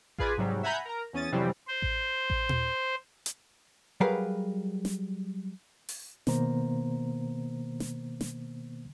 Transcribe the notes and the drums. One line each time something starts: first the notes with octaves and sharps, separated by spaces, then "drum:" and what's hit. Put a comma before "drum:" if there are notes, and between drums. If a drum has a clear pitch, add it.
F4 G#4 B4 D5 G#5, drum: kick A1
G#2 C3 F#3 G3
E5 F#5 G#5 A#5 B5 G6
A#4 A#5
E2 C#4 D#6 A6
F2 C3 E3 F#3 G3 C4
C5
drum: kick A1
drum: kick A1
drum: tom
drum: hi-hat
F#3 G3 G#4 A#4 B4 F5
drum: snare
drum: open hi-hat
B2 D#3 A#3 B3 C5 A#5, drum: snare
drum: snare
drum: snare